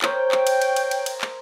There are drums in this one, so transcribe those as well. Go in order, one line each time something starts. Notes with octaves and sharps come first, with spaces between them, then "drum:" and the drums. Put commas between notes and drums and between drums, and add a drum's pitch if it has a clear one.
A#4 C5 C#5 G5, drum: clap
drum: clap
drum: cymbal
drum: cymbal
drum: cymbal
drum: cymbal
drum: cymbal
drum: clap